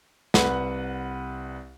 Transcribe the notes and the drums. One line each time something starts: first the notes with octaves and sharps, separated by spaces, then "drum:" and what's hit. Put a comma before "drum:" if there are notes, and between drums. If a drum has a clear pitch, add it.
C2 B4 F#5, drum: snare